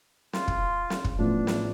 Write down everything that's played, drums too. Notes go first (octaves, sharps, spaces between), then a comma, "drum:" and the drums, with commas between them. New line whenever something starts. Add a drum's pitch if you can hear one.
F4, drum: snare
drum: kick
drum: snare
drum: kick
A1 A2 F3 B3 D4 F4
drum: snare